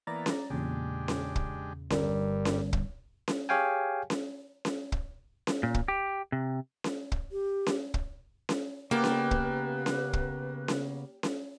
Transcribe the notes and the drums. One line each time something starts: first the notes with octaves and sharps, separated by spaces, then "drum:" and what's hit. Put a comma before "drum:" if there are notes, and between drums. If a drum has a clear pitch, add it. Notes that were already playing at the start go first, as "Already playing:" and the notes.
E3 A#3 B3 D5 A#5 A6
drum: snare C#4
E2 A#2 C#3 G#3 D4 G4
drum: snare C#4
drum: kick
G1 G2 A#4 D5, drum: snare C#4
drum: snare C#4
drum: kick
drum: snare C#4
G4 G#4 C#5 F5 G5 G#5
drum: snare C#4
drum: snare C#4
drum: kick
drum: snare C#4
A#2
drum: kick
G4
C3
drum: snare C#4
drum: kick
G4
drum: snare C#4
drum: kick
drum: snare C#4
C#3 A#3 B3 G4 B4 D5
drum: snare C#4
drum: kick
drum: snare C#4
drum: kick
drum: snare C#4
drum: snare C#4